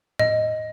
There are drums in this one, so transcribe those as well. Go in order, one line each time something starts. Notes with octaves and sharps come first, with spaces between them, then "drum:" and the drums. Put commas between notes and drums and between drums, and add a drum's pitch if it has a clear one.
D#5, drum: tom A2